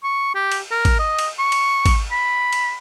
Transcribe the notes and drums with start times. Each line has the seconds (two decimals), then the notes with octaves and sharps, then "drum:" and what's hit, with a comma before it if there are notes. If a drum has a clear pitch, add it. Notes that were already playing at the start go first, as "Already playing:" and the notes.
0.03 C#6
0.35 G4
0.51 drum: cymbal
0.71 A#4
0.85 drum: kick, cymbal
0.99 D#5
1.19 drum: cymbal
1.39 C#6
1.52 drum: cymbal
1.86 drum: kick, cymbal
2.12 B5
2.53 drum: cymbal